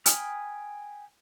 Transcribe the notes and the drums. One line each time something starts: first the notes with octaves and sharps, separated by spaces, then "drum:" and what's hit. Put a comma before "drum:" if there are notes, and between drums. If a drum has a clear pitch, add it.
G5 G#5 B5 D#6 F6, drum: hi-hat